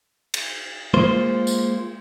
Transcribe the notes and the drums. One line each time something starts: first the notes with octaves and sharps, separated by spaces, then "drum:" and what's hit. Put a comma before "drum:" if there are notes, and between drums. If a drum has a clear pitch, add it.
drum: cymbal
G#3 A#3 F4 C5
drum: tambourine